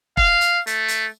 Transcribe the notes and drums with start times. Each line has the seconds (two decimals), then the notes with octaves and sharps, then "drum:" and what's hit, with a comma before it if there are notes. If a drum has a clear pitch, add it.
0.17 F5, drum: kick E1
0.41 drum: hi-hat
0.67 A3, drum: hi-hat
0.88 drum: hi-hat